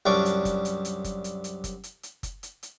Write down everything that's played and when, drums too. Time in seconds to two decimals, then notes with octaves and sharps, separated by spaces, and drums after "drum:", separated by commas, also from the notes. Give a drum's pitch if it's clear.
0.06 C2 F#2 D4 C#6 D6
0.25 drum: hi-hat
0.45 drum: kick F#1, hi-hat
0.65 drum: hi-hat
0.85 drum: hi-hat
1.04 drum: kick F#1, hi-hat
1.24 drum: hi-hat
1.44 drum: hi-hat
1.64 drum: kick F#1, hi-hat
1.84 drum: hi-hat
2.03 drum: hi-hat
2.23 drum: kick F#1, hi-hat
2.43 drum: hi-hat
2.63 drum: hi-hat